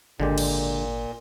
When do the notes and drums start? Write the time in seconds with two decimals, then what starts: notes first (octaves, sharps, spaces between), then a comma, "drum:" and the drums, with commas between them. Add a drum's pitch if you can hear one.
0.20 G#1 A#2 D3 G#3 G4
0.38 drum: cymbal